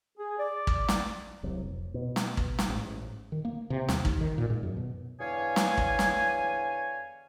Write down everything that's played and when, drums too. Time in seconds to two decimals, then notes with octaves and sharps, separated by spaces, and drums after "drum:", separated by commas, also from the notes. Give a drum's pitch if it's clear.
0.18 G#4
0.39 D5
0.67 drum: kick
0.88 drum: snare
1.43 D#1 C2 C3 F#3
1.63 F1
1.94 B2
2.16 drum: snare
2.37 drum: kick
2.59 drum: snare
2.69 A1 G#2
3.32 D#3
3.45 A#3
3.70 C3
3.89 D#2, drum: snare
4.05 D#2, drum: kick
4.21 D#3
4.38 A#2
4.50 G#2
4.63 F#2
4.77 B2
5.20 E2 D3 C#5 F5 G#5
5.56 drum: snare
5.77 drum: kick
5.99 drum: snare